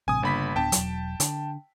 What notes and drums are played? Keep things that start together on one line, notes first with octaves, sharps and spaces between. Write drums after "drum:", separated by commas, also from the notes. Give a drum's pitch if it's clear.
A1 G2 C3 G#5 D#6
G1 C#3 A#3 D4 B5 B6
D1 B3 D4 G5 A5
E1 F#3, drum: hi-hat
D3, drum: hi-hat